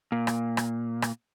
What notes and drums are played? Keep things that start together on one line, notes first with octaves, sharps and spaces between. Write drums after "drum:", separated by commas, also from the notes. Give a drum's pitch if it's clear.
A#2
drum: rim click
drum: rim click
drum: rim click